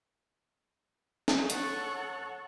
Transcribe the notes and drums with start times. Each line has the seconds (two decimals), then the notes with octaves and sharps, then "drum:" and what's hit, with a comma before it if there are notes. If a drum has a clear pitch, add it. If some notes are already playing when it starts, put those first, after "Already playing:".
1.28 drum: snare
1.50 A4 C#5 F#5 C#6, drum: hi-hat